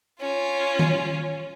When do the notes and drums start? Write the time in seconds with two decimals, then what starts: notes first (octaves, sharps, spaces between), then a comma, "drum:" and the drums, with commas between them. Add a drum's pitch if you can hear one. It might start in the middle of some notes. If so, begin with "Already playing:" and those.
0.21 C#4 F4
0.79 drum: tom D#3